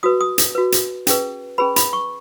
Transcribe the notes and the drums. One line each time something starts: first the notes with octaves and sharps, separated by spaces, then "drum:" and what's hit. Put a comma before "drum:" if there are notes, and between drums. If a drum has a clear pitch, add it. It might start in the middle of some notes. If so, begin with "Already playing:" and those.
F#4 B4 D#6
D#6
drum: hi-hat
F#4 B4
drum: hi-hat
C#4 G#4 B4, drum: hi-hat
C#4 G#4 B4 B5
B5, drum: hi-hat
C#6